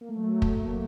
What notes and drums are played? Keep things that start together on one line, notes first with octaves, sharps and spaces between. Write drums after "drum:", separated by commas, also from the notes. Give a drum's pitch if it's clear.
A#3
A3
F#3
A3
drum: kick
A#3